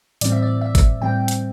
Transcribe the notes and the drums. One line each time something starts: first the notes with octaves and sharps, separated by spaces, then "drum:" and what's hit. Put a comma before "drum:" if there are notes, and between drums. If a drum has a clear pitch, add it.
A2 E3 G3 C4 D5, drum: hi-hat
E5
D5
E5
drum: kick, hi-hat
A2 E3 G3 C4 G5
drum: hi-hat